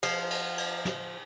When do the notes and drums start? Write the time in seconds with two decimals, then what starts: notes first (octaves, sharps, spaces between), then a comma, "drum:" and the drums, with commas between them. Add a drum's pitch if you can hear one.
0.03 F3, drum: cymbal
0.30 drum: cymbal
0.58 drum: cymbal
0.85 drum: snare